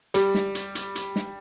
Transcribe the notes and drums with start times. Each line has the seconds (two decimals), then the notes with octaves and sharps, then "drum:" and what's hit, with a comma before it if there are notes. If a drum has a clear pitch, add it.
0.14 G3, drum: hi-hat
0.34 drum: snare
0.55 drum: hi-hat
0.75 drum: hi-hat
0.95 drum: hi-hat
1.16 drum: snare